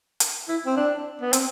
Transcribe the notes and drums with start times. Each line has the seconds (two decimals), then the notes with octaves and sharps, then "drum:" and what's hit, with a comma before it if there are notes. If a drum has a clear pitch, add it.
0.20 drum: hi-hat
0.49 E4
0.66 C4
0.77 D4
1.21 B3
1.33 C4, drum: hi-hat